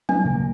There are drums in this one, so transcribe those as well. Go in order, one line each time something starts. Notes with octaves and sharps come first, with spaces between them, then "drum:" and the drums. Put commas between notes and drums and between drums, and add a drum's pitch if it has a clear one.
D4, drum: tom F#3
D2 C#3 F#3 A#3